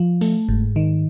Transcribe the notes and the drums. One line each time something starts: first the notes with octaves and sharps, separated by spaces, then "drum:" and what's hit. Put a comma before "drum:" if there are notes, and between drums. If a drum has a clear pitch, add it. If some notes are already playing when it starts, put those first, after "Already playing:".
Already playing: F3
A3, drum: open hi-hat
G#2, drum: kick F#1
D#3